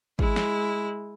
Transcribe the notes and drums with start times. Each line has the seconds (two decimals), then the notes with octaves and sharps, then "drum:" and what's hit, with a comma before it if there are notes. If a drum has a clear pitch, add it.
0.19 G#3 E4, drum: kick G#1
0.36 drum: snare